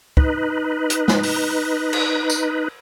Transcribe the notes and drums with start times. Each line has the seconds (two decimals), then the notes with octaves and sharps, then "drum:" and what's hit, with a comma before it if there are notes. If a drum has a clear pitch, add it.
0.17 D#4 B4, drum: kick
0.90 drum: hi-hat
1.08 drum: snare
1.23 drum: open hi-hat
1.93 drum: cymbal
2.30 drum: tambourine